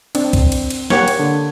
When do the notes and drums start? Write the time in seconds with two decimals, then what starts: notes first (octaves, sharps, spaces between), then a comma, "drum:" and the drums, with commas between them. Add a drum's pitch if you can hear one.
0.15 C4 D4, drum: cymbal
0.33 drum: kick C#2, cymbal
0.52 drum: cymbal
0.70 drum: cymbal
0.90 A#3 G4 C#5 F#5, drum: snare
1.08 drum: cymbal
1.19 D3